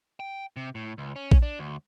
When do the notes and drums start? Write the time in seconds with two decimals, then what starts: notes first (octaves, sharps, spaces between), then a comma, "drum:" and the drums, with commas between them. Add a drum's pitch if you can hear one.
0.20 G5
0.57 C3
0.75 A2
0.98 C#2
1.16 C#4
1.32 drum: kick A#1
1.42 D4
1.59 D2